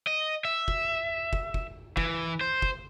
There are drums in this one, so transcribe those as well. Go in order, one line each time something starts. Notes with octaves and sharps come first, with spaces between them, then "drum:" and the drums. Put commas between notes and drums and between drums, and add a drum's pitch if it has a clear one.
D#5
E5
drum: kick
drum: kick
drum: kick
E3, drum: kick
C5
drum: kick